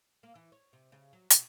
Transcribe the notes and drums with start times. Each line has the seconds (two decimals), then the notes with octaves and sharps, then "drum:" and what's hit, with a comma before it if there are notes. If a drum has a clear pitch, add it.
0.23 A#3
0.35 E3
0.52 C#5
0.73 C3
0.92 C#3
1.13 F#3
1.30 B2, drum: hi-hat